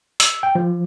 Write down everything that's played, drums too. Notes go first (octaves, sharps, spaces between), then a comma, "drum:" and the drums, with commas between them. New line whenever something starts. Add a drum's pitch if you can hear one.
E6, drum: hi-hat
G5
F3